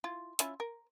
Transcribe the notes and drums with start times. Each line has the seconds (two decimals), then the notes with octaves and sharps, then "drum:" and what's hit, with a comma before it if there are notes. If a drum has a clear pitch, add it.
0.04 E4 F4
0.39 C#4 E4 F4, drum: hi-hat
0.60 A#4